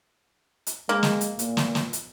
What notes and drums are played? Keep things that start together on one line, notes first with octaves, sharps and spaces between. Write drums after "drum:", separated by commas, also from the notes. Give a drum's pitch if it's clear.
drum: hi-hat
G#3 A#3
drum: snare
drum: hi-hat
A#2, drum: hi-hat
drum: snare
drum: snare
drum: hi-hat